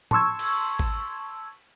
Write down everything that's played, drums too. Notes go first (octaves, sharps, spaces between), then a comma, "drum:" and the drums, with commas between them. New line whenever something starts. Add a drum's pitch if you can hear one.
A5 C6 C#6 E6 G#6, drum: tom
drum: cymbal
drum: kick G#1